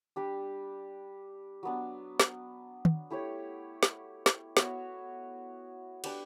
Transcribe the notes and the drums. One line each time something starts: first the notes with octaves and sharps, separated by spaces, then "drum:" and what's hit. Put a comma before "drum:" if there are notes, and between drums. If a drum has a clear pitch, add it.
G3 D4 G4
F#3 B3 D4
drum: snare
drum: tom
A3 E4 G4 C#5
drum: snare
drum: snare
B3 F#4 C#5 E5, drum: snare
D4 G4 B4 D5, drum: cymbal